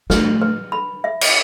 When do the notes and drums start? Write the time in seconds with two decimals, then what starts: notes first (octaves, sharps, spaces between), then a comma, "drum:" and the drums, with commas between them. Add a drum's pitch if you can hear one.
0.10 A3 B4, drum: snare
0.41 B4
0.72 B5
1.04 E5
1.21 drum: cymbal